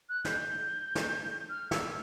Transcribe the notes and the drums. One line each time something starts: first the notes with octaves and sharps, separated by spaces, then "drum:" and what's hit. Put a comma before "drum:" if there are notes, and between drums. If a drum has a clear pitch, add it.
F#6
G6, drum: snare
drum: snare
F6
E6, drum: snare